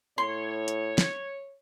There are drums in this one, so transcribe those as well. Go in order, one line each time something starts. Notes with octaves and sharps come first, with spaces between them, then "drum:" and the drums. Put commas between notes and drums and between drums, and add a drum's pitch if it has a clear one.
A2 C#5 C6
drum: hi-hat
drum: snare